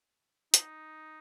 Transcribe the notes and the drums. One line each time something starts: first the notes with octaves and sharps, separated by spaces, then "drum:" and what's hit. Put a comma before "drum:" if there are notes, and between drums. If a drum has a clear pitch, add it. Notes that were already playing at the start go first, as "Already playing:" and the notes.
D#4, drum: hi-hat